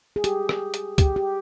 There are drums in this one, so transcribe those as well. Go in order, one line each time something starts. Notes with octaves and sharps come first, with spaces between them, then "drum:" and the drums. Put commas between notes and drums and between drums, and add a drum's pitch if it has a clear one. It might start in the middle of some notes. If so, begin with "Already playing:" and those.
G#4
G4, drum: hi-hat
drum: rim click
drum: hi-hat
G4, drum: kick, hi-hat
G4